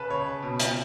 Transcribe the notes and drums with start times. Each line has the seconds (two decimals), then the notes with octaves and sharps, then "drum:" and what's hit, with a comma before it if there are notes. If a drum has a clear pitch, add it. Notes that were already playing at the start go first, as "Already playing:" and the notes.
Already playing: C#3 B4 A5
0.10 C#3 C#5
0.42 B2
0.59 drum: hi-hat